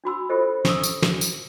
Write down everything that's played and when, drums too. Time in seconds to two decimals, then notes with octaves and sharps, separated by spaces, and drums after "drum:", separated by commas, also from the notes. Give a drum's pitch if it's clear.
0.04 D4 F#4 B5 E6
0.29 F4 G4 A4 C5 D#5
0.65 C#6 D#6 E6, drum: snare
0.84 drum: tambourine
1.02 drum: snare
1.21 drum: tambourine